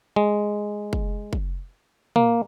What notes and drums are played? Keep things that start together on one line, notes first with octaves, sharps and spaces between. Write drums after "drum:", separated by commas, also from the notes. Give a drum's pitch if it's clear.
G#3
drum: kick
drum: kick
A#3, drum: tom